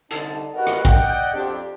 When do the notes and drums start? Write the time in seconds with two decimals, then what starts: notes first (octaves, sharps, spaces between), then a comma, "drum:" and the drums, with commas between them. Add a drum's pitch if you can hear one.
0.11 C2 D3 D#4 A5, drum: hi-hat
0.55 F#4 G4 A#4 B4 D#5 F#5
0.67 drum: rim click
0.85 D5 D#5 F#5 G5, drum: kick
1.34 F2 C4 D4 G4